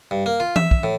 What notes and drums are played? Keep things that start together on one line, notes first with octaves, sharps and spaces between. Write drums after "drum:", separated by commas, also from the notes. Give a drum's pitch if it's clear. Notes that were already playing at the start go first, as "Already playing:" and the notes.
G2
A#3
F4
E5, drum: tom E3
drum: kick
A2